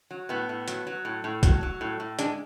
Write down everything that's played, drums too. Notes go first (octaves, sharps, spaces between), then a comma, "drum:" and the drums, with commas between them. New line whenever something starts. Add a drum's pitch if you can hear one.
F#3
A2 B3
A2
F#3, drum: hi-hat
F#3
A2
A2
F#3, drum: kick B1, hi-hat
F#3
A2
A2
G#3 D4, drum: hi-hat